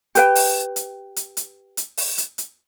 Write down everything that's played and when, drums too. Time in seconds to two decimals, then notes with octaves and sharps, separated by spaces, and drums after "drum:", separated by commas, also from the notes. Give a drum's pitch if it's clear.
0.15 G4 B4 G5, drum: hi-hat
0.35 drum: open hi-hat
0.76 drum: hi-hat
1.16 drum: hi-hat
1.37 drum: hi-hat
1.77 drum: hi-hat
1.97 drum: open hi-hat
2.18 drum: hi-hat
2.38 drum: hi-hat